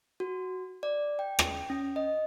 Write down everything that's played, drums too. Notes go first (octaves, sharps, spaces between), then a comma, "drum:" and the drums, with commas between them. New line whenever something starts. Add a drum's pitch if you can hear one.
F#4
D5
G5
drum: rim click
C#4
D#5